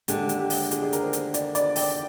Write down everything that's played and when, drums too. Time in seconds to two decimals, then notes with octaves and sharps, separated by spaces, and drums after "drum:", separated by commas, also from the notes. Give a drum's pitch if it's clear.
0.08 D#2 D3 G#3 D4 G4, drum: hi-hat
0.29 drum: hi-hat
0.39 G4
0.50 drum: open hi-hat
0.71 G#4, drum: hi-hat
0.82 G#4
0.93 A#4, drum: hi-hat
1.02 C5
1.13 drum: hi-hat
1.34 D5, drum: hi-hat
1.55 D5, drum: hi-hat
1.76 G5, drum: open hi-hat